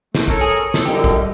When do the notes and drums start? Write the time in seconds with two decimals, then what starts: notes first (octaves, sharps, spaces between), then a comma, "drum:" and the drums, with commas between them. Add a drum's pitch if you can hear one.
0.15 A3, drum: snare
0.28 A4 A#4 C#5, drum: kick A#1
0.41 G#4
0.74 A4, drum: snare
0.85 F#2 D3 F3 G3 D#4 G4
1.04 drum: kick A#1